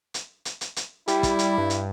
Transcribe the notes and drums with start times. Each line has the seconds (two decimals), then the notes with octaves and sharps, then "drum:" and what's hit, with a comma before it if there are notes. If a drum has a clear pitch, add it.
0.14 drum: hi-hat
0.45 drum: hi-hat
0.61 drum: hi-hat
0.76 drum: hi-hat
1.08 G3 E4, drum: hi-hat
1.23 drum: kick, hi-hat
1.39 drum: hi-hat
1.58 G2
1.70 drum: hi-hat